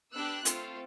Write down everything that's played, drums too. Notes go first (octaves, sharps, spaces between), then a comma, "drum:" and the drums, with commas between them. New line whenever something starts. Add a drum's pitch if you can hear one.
B3 D4 G4 E6 F#6
A3 C4 F4 A4, drum: hi-hat